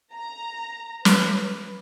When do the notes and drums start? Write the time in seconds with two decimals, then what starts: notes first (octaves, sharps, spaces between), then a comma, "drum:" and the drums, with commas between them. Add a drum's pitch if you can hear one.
0.14 A#5
1.05 B4, drum: snare